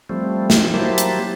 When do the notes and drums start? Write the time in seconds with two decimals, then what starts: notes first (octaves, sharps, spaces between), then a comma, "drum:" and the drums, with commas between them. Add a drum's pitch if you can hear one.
0.09 F3 G3 A3 C4
0.50 drum: snare
0.74 F#3 A#3 E4 G4 C5 A5
0.98 drum: hi-hat